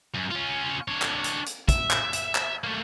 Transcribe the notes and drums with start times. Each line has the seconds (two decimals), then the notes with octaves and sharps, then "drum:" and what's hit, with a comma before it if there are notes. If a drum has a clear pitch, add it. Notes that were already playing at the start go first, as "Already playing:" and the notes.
0.15 F#2
0.31 C#4 F4
0.88 D4 C#5
1.02 drum: clap
1.24 drum: hi-hat
1.46 drum: hi-hat
1.68 E5, drum: kick, hi-hat
1.91 drum: clap
2.13 drum: hi-hat
2.35 drum: clap
2.64 A3 A#3